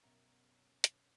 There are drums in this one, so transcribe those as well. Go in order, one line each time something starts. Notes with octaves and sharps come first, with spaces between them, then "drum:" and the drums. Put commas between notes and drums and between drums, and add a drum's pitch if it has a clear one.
F#2 B2 C#4 A#4 A#5
drum: hi-hat